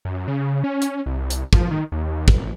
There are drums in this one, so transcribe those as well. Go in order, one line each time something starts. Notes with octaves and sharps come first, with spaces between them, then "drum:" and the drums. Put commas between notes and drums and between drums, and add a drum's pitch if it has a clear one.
F#2
C#3
C#4
drum: hi-hat
C2
drum: hi-hat
F3, drum: kick
D#3
D#2
drum: kick
A1